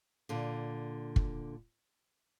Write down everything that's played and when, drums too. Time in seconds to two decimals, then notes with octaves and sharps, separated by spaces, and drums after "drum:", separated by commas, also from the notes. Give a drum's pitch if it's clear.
0.29 A#2 D3
1.16 drum: kick